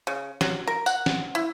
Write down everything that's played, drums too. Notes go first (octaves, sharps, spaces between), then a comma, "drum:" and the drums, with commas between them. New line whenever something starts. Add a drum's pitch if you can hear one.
C#3
F#3, drum: snare
A#4
F#5, drum: tambourine
drum: snare
E4